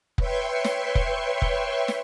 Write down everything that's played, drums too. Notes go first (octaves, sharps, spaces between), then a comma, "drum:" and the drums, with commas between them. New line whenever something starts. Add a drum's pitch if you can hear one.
B4 C#5 E5 G5 C6 C#6, drum: kick
drum: snare
drum: kick
drum: kick
drum: snare